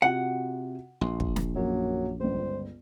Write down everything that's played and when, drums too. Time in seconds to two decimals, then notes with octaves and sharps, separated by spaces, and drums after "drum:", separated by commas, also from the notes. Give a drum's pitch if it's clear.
0.02 C3 F4 F#4 F#5
1.01 A#1 C6
1.20 drum: kick
1.36 drum: snare
1.56 F#2 F#3 A#3
2.20 G1 C#2 C5